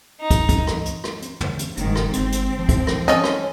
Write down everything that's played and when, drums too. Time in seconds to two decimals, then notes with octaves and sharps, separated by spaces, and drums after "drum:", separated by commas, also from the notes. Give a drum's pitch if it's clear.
0.21 D#4
0.31 drum: kick, hi-hat
0.49 drum: kick, hi-hat
0.67 drum: rim click
0.86 drum: hi-hat
1.04 drum: rim click
1.22 drum: hi-hat
1.41 drum: tom
1.59 drum: hi-hat
1.77 F#1 G#2 D#3, drum: hi-hat
1.95 drum: rim click
2.13 G1 C4, drum: hi-hat
2.32 drum: hi-hat
2.59 F3
2.69 drum: kick, hi-hat
2.87 drum: rim click
3.08 C#4 A4 D#5, drum: hi-hat
3.24 drum: rim click